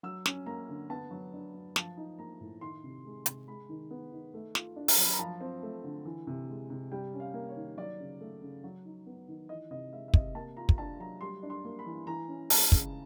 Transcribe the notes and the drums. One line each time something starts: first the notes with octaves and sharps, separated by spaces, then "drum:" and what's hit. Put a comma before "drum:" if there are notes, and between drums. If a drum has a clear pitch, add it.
F#3 E6
C#4, drum: snare
A#3 A#5
D3
B3 A5
F#3
D4
F#3
F3 A5, drum: snare
D#4
A#3 A#5
A2
D#3 C6
C3
G#3
C3, drum: hi-hat
G#3 B5
D#3
B3
D#3
A3
F4, drum: snare
D4
drum: open hi-hat
F#3
B5
A#5
F3 A5
C4
A3
D3
E3
C3
G#3
C3
G3 G5
C#4
F5
A#3
C#5
D#3
F#3 D5
C#3
A3
C#3
F#3
D#4
B3
D#3
E3 D#5
C3 D#5
G#3 E5
E5
C3 D#5, drum: kick
A#3 A5
F4 A#5
drum: kick
D4 A5
F#3 A#5
G3 C6
D4
C6
A#3
B5
E3
E3 A#5
C#4
G#3 A5, drum: open hi-hat
C#3, drum: kick